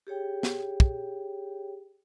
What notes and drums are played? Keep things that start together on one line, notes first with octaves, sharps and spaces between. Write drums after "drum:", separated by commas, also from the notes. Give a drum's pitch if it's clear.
G4 G#4 C#5 G5
drum: snare
drum: kick